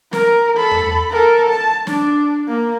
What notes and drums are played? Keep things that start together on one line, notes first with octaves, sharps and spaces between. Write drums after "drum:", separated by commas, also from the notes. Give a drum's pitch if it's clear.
A#4, drum: snare
A4 B5
drum: tom E2
A4 A#4
A5
D4, drum: snare
A#3